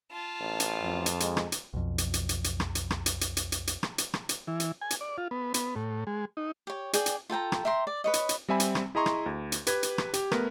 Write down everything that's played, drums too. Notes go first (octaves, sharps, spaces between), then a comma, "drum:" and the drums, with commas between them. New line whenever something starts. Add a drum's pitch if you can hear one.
F4 A5
A1
drum: hi-hat
F2
drum: hi-hat
G#3, drum: hi-hat
drum: rim click
drum: hi-hat
B1 F2
drum: hi-hat
drum: hi-hat
drum: hi-hat
drum: hi-hat
drum: rim click
drum: hi-hat
drum: rim click
drum: hi-hat
drum: hi-hat
drum: hi-hat
drum: hi-hat
drum: hi-hat
drum: rim click
drum: hi-hat
drum: rim click
drum: hi-hat
E3
drum: hi-hat
G#5
drum: hi-hat
D5
F4
B3
B3, drum: hi-hat
A2
G#3
D#4
G4 C#5
G#4 D5 G5 G#5, drum: hi-hat
drum: hi-hat
F4 A4 G5 A#5
drum: rim click
E5 G5 A#5 C6
D5
B4 C#5 D#5
drum: hi-hat
drum: hi-hat
G3 C4 E5 G#5 B5
drum: hi-hat
drum: rim click
E4 G#4 D#5 A#5 C6 C#6
drum: rim click
D2
drum: hi-hat
G4 B4 G#6, drum: hi-hat
drum: hi-hat
drum: rim click
G4, drum: hi-hat
A3 B3 A#4 B4, drum: rim click